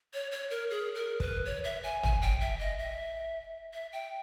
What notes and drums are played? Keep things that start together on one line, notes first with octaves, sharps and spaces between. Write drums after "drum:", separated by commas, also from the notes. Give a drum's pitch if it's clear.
C#5
C#5
A#4
G#4
A#4
B4, drum: kick
C#5
E5
G#5
G#5, drum: tom
G5
E5
D#5
E5
E5
G5